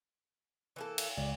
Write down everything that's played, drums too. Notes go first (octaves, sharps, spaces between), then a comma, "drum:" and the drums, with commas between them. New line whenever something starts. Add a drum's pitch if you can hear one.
E3 A#3 A4
drum: cymbal
C#2 D5